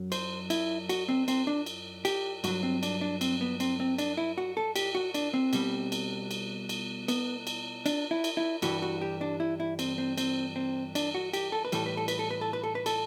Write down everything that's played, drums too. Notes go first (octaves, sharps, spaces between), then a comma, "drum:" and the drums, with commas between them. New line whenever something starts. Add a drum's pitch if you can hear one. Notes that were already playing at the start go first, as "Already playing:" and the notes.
Already playing: F#2 F#3
C5, drum: cymbal
E4, drum: cymbal
F#4, drum: cymbal
C4
C4, drum: cymbal
D4
drum: cymbal
G4, drum: cymbal
G2 F#3 F#4, drum: cymbal
C4
D4, drum: cymbal
D4
C4, drum: cymbal
B3
C4, drum: cymbal
C4
D4, drum: cymbal
E4
F#4
A4
G4, drum: cymbal
F#4
D4, drum: cymbal
C4
B2 G3, drum: cymbal
drum: cymbal
drum: cymbal
drum: cymbal
B3, drum: cymbal
drum: cymbal
D4, drum: cymbal
E4
drum: cymbal
E4
G2 E3 G3 F#4, drum: cymbal
F#4
G4
D4
E4
E4
C4, drum: cymbal
C4
C4, drum: cymbal
C4
D4, drum: cymbal
F#4
G4, drum: cymbal
A4
B4
A2 E3 G3 A4, drum: cymbal
B4
A4
B4, drum: cymbal
A4
B4
A4
B4
A4
B4
A4, drum: cymbal